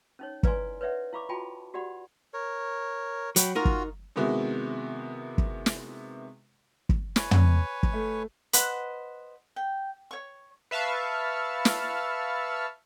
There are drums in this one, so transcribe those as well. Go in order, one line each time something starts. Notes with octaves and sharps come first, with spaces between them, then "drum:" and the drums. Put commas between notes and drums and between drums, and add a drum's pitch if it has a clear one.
C#4 D#4 C#5
E4 B4 D5 F5 G#5 C6, drum: kick
B4 C#5 D5 E5 F#5
E4 F5 B5 C#6 D6
F4 F#4 G5 A5 B5
F#4 G4 D5 F#5 B5
A#4 C#5
F#3 G5 B5, drum: hi-hat
D#4 F4 F#4 A#4
drum: kick
C3 D#3 G#3 B3 E4 F#4
drum: kick
drum: snare
drum: kick
B4 C#5 G#5, drum: snare
drum: tom
drum: kick
A3
B4 C5 D#5 F#5, drum: hi-hat
G5
C#5 C#6
B4 E5 F5 A5 C#6
drum: snare